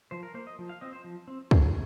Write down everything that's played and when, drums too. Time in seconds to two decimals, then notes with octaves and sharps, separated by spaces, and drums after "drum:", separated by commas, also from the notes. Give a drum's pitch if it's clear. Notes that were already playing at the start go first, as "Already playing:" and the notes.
0.11 F3 C5
0.23 A#4
0.34 A#3 C5
0.47 D#5
0.59 F3
0.69 F5
0.81 C4 D#5
0.93 C5
1.04 F3
1.28 C4
1.51 F3 G#4, drum: kick